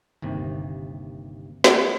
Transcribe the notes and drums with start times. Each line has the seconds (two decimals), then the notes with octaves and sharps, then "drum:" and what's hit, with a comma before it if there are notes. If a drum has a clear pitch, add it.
0.22 G1 D#2 C3
1.64 drum: snare